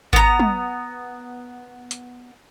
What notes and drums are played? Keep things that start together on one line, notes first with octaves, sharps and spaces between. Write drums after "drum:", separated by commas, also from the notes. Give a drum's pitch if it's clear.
B3 A#5, drum: kick G#1
drum: tom
drum: hi-hat